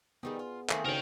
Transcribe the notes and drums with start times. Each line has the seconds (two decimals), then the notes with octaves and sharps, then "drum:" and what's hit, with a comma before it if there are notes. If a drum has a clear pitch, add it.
0.23 D#3 G3 B3 D#4 G#4
0.39 F4
0.69 D#3 A3 C4 G#4 F5, drum: clap
0.85 D2 C#3 D#4 A#4 C#5 G5